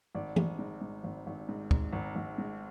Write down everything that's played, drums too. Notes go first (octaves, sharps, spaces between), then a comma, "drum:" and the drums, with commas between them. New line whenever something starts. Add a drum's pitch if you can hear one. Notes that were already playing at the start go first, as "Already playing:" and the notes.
G#1 D5
G#1, drum: tom E3
G#2
G#2
G#1
G#1
G#2
G#2, drum: kick
G#1
G#1
G#2